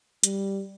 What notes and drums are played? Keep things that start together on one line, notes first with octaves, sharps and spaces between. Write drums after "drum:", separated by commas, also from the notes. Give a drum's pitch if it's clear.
G3, drum: hi-hat